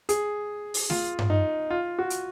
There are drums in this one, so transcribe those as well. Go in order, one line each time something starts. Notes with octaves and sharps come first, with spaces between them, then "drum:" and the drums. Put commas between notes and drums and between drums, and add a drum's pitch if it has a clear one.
G#4, drum: hi-hat
drum: open hi-hat
F4, drum: snare A3
drum: tom G2
D#4
F4
F#4
drum: hi-hat